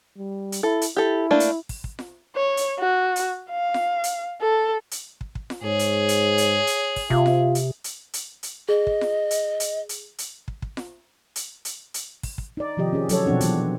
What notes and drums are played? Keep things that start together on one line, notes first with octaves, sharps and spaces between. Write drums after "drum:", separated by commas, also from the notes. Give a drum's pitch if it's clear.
G3
drum: hi-hat
E4 A4
drum: hi-hat
E4 G4 A4
A3 A#3 D4
drum: hi-hat
drum: kick, open hi-hat
drum: kick
drum: snare F4
C#5
drum: hi-hat
F#4
drum: hi-hat
F5
drum: snare F4
drum: hi-hat
A4
drum: hi-hat
drum: kick
drum: kick
drum: snare F4
G#2 G#4 C#5
drum: hi-hat
drum: hi-hat
drum: hi-hat
drum: hi-hat
drum: kick, open hi-hat
C3 F4 E5, drum: kick
drum: snare F4
drum: hi-hat
drum: hi-hat
drum: hi-hat
drum: hi-hat
G#4 D#5
drum: kick
drum: snare F4
drum: hi-hat
drum: hi-hat
drum: hi-hat
drum: hi-hat
drum: kick
drum: kick
drum: snare F4
drum: hi-hat
drum: hi-hat
drum: hi-hat
drum: kick, open hi-hat
drum: kick
D#4 D5
C3 D#3 F3 G4 D#5
C#4 G#4
F#3 A4 C#5, drum: hi-hat
B2 F3 C4 D4 F#4
E3 F#3, drum: hi-hat